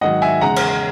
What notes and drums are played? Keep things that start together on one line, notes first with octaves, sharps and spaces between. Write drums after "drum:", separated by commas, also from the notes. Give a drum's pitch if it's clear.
G#2 D#3 F#3 D#5 F#5
E5 G#5
E2 C#3 G#3 F#5 A#5
drum: cymbal